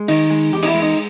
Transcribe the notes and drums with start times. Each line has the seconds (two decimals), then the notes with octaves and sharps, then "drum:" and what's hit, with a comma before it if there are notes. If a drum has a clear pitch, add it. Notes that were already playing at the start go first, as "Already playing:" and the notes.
Already playing: G#3
0.08 D#3 D#4, drum: open hi-hat
0.30 G#3
0.52 E2 G4
0.63 D#4, drum: open hi-hat
0.67 E4
0.74 G#3
0.82 D#4